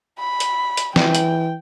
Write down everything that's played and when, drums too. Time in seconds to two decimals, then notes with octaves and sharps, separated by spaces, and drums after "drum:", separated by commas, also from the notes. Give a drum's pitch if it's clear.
0.19 B5
0.40 drum: hi-hat
0.77 drum: hi-hat
0.96 E3 G5, drum: snare
1.15 drum: hi-hat